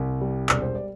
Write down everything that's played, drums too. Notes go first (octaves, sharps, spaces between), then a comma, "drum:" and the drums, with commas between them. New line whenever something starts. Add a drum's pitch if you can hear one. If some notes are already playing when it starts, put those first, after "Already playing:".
Already playing: C2
G3
E1 D5, drum: clap
C5
D5